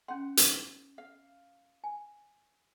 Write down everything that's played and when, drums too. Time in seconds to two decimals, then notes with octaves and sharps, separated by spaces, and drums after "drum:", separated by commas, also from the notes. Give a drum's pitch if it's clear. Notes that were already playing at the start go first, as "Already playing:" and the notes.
0.08 C#4 F#5 C6
0.37 drum: hi-hat
0.98 F5
1.84 G#5